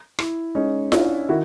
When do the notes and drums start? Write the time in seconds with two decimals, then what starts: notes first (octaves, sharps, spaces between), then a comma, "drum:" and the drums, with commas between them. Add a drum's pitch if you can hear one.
0.19 E4, drum: rim click
0.55 G#3 C#4 D#4
0.92 C#4 D4 E4, drum: snare F4
1.29 D#3 E4 F#4